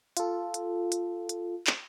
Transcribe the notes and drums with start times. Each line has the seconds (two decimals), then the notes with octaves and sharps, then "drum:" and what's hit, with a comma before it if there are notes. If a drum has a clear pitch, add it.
0.17 F4 A4, drum: hi-hat
0.54 drum: hi-hat
0.92 drum: hi-hat
1.29 drum: hi-hat
1.67 drum: clap